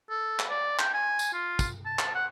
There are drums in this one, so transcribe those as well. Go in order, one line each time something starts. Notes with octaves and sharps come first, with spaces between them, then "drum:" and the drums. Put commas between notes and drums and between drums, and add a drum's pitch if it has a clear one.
A4
drum: clap
D5
G5, drum: clap
G#5
drum: tambourine
F4
drum: kick, tambourine
A5
drum: clap
F#5